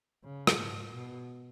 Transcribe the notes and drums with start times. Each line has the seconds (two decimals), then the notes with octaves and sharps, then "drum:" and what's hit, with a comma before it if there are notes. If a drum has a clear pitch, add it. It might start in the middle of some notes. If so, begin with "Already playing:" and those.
0.24 C#3
0.47 drum: rim click
0.57 G#2
0.92 B2